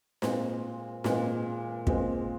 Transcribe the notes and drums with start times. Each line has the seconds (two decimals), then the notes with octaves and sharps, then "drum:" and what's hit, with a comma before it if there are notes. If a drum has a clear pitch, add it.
0.22 A#2 G#3 C4, drum: snare
1.04 A#2 G#3 C4, drum: snare
1.87 A#2 G#3 C4, drum: kick